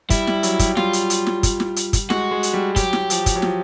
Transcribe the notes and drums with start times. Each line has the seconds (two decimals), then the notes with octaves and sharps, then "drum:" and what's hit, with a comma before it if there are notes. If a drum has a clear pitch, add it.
0.10 G3 E4, drum: kick, hi-hat
0.27 G3, drum: snare
0.43 F#3, drum: hi-hat
0.59 G3, drum: kick, hi-hat
0.77 G3 F4, drum: snare
0.93 drum: hi-hat
1.10 drum: hi-hat
1.27 drum: snare
1.43 drum: kick, hi-hat
1.60 drum: snare
1.76 drum: hi-hat
1.93 drum: kick, hi-hat
2.10 G#3 F#4, drum: snare
2.31 G#3
2.43 drum: hi-hat
2.53 G3
2.76 F#3 G4, drum: kick, hi-hat
2.93 drum: snare
3.10 F3, drum: hi-hat
3.26 drum: kick, hi-hat
3.36 F#3
3.42 F3, drum: snare